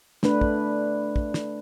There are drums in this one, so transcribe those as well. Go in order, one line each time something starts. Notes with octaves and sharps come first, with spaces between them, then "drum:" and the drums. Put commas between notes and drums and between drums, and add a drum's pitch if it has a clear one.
A3 D4 B4, drum: snare
drum: kick
drum: kick
drum: snare